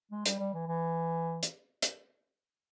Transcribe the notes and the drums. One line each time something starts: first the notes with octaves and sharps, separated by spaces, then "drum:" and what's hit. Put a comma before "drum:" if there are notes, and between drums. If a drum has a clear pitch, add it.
G#3
G3, drum: hi-hat
G3
E3
E3
drum: hi-hat
drum: hi-hat